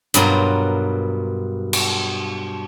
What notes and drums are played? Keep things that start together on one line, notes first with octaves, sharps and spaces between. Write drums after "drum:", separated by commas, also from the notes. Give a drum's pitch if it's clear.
G2 B2 F#3 F4 A#4, drum: hi-hat
drum: cymbal